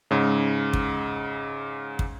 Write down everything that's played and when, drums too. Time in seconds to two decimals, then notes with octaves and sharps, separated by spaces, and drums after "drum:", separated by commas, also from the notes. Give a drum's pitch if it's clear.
0.11 G#2 C#3
0.73 drum: kick
1.99 drum: kick